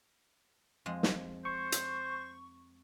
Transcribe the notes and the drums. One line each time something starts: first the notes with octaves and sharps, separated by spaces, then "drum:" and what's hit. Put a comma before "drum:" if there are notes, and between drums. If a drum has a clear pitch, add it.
F2 G#3
drum: snare
C5 C#6
drum: hi-hat